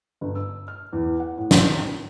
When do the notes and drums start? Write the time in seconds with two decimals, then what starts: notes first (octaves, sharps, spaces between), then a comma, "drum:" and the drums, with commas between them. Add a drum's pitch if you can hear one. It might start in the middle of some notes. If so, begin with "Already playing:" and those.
0.21 G1
0.35 E6
0.68 F6
0.93 E2
1.20 F#5
1.38 A2
1.51 G#1, drum: snare